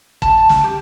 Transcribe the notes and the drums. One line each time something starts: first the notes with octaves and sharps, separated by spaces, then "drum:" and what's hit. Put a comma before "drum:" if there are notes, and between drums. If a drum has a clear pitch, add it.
A5, drum: kick
drum: snare
G4